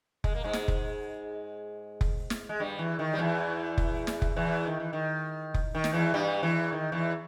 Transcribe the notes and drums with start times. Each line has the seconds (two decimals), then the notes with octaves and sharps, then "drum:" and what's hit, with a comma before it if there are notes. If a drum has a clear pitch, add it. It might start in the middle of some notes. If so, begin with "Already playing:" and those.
0.24 G#3, drum: kick F1
0.35 A#3
0.44 G#2 G#3
0.53 drum: snare
0.68 drum: kick F1
2.01 drum: kick F1
2.30 drum: snare
2.49 G#3
2.60 G2 G3
2.79 E2 E3
2.99 D#3
3.13 G3
3.19 E2 E3
3.78 drum: kick F1
4.07 drum: snare
4.22 drum: kick F1
4.36 E2 E3
4.67 D#3
4.80 E3
4.93 D#3
5.54 drum: kick F1
5.75 D#3
5.84 drum: snare
5.93 E2 E3
6.14 G2 G3
6.43 E2 E3
6.72 D#3
6.92 E2 E3